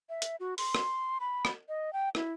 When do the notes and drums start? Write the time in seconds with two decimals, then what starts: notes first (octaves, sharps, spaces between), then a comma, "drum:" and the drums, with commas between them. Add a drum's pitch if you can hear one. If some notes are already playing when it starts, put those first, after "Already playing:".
0.09 E5
0.22 drum: hi-hat
0.40 F#4
0.58 C6, drum: open hi-hat
0.75 drum: rim click
1.20 B5
1.45 drum: rim click
1.69 D#5
1.93 G5
2.15 E4, drum: rim click